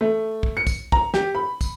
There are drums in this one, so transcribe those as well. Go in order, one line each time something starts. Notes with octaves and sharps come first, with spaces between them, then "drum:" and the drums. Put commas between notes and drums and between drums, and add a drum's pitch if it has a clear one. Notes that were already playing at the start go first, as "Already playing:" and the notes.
A3
drum: kick
C#7
drum: kick, tambourine
A#5, drum: kick
G4, drum: snare
B5
drum: kick, tambourine